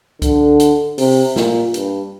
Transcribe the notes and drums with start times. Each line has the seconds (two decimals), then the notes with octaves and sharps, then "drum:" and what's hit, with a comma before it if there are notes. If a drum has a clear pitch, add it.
0.22 D3, drum: kick C#2, hi-hat
0.60 drum: hi-hat
0.98 C3, drum: open hi-hat
1.36 A#2, drum: snare
1.74 G2, drum: hi-hat